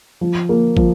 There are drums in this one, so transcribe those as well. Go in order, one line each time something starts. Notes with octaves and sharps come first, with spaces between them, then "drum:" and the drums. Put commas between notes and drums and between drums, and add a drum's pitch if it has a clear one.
F3
A#3
F3, drum: kick